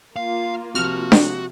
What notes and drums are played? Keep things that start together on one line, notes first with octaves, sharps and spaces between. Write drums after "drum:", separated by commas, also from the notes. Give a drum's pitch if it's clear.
A#3 F4 F5
C3 F3 F#4 F6
drum: snare D4